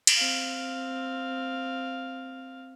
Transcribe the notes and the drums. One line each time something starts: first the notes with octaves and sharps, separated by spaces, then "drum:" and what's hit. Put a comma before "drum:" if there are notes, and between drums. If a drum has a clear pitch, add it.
drum: cymbal
C4 F5